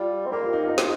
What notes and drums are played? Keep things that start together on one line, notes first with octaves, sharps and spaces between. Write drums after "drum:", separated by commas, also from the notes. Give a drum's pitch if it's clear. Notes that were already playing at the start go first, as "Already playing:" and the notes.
Already playing: G3 F4
C4
A#3 G4
F4
D#4
F4
D#4
C4 G4, drum: snare